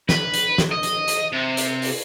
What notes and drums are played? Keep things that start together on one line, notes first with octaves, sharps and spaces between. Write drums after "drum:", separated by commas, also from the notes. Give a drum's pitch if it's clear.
B4, drum: snare
drum: hi-hat
drum: snare
D#5
drum: hi-hat
drum: hi-hat
C3
drum: hi-hat
drum: open hi-hat